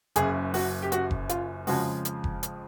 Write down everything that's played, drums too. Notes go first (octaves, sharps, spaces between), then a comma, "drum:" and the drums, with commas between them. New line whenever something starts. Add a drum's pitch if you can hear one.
F#1 F#2 C#3 G#4, drum: hi-hat
F#4, drum: open hi-hat
G4
F#4, drum: hi-hat
drum: kick F1
F4, drum: hi-hat
F2 C#3 F3 G#3 F#4, drum: open hi-hat
drum: hi-hat
drum: kick F1
drum: hi-hat